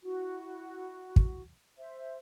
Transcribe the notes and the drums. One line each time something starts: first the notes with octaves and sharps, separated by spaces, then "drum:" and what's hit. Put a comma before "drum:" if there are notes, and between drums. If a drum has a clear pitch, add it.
E4 F#4
drum: kick
C5 E5